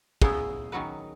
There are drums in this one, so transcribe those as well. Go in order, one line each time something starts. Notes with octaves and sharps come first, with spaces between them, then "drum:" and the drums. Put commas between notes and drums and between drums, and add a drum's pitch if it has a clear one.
C#3 F#3 B3 E4 G#4, drum: kick
D#3 F#3 C#4 F#4 B4